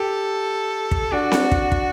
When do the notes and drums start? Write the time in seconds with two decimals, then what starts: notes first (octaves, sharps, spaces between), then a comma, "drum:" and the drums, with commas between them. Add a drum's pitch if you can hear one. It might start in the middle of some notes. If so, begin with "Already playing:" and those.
Already playing: G4 A4
0.91 drum: kick
1.11 D4 F#4
1.32 drum: snare C4
1.52 drum: kick
1.72 drum: kick